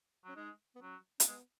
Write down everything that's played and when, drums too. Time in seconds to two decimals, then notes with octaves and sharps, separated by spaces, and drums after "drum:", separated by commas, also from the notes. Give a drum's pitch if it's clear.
0.24 F#3 C#4
0.35 G#3 D#4
0.76 B3
0.82 F#3 C#4
1.20 C#4, drum: hi-hat
1.27 G#3 B3